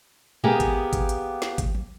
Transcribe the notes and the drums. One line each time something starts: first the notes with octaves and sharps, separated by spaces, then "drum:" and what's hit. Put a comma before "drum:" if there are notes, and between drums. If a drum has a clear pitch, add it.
A#3 B3 G4 G#4 G5, drum: tom A2
drum: kick G#1, hi-hat
drum: kick G#1, hi-hat
drum: hi-hat
drum: snare
drum: kick G#1, hi-hat
drum: tom F3